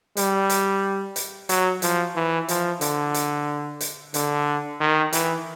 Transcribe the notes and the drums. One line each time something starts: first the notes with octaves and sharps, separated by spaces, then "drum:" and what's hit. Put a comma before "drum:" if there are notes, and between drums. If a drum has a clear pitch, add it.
G3, drum: hi-hat
drum: hi-hat
drum: hi-hat
F#3, drum: hi-hat
F3, drum: hi-hat
E3
F3, drum: hi-hat
D3, drum: hi-hat
drum: hi-hat
drum: hi-hat
D3, drum: hi-hat
D#3
E3, drum: hi-hat